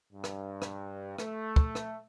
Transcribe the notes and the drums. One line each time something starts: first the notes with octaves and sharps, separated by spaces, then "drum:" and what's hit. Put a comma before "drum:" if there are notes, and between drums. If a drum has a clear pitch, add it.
G2
drum: rim click
drum: rim click
A3, drum: rim click
drum: kick
drum: rim click